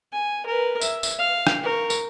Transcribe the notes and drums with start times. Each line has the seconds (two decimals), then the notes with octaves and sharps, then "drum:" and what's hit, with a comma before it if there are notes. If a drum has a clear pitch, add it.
0.13 G#5
0.46 A#4 B4
0.81 E5, drum: tambourine
1.03 drum: tambourine
1.19 F5
1.47 drum: rim click
1.63 A#4 C#6
1.90 drum: tambourine